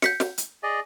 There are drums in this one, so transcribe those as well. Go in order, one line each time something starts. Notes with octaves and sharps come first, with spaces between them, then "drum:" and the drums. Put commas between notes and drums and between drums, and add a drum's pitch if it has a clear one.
G6 B6 C#7, drum: snare
drum: snare
drum: hi-hat
G#4 D5 D#5